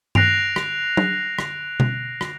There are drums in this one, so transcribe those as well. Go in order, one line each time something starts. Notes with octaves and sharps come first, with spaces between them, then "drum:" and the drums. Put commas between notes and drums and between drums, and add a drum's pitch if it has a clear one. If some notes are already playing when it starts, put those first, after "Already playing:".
F#6 A#6 C7 D7 F7, drum: tom G2
drum: rim click
drum: tom F#3
drum: rim click
drum: tom B2
drum: rim click